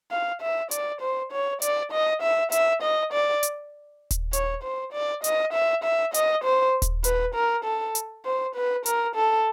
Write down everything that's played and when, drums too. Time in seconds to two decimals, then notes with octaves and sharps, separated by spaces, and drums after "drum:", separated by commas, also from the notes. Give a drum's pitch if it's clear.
0.11 F5
0.42 E5
0.71 D5, drum: hi-hat
1.01 C5
1.32 C#5
1.62 D5, drum: hi-hat
1.92 D#5
2.22 E5
2.52 E5, drum: hi-hat
2.83 D#5
3.13 D5
3.43 drum: hi-hat
4.11 drum: kick D#1, hi-hat
4.33 C#5, drum: hi-hat
4.63 C5
4.93 D5
5.24 D#5, drum: hi-hat
5.53 E5
5.84 E5
6.14 D#5, drum: hi-hat
6.44 C5
6.82 drum: kick D#1, hi-hat
7.04 B4, drum: hi-hat
7.35 A#4
7.65 A4
7.95 drum: hi-hat
8.25 C5
8.55 B4
8.86 A#4, drum: hi-hat
9.16 A4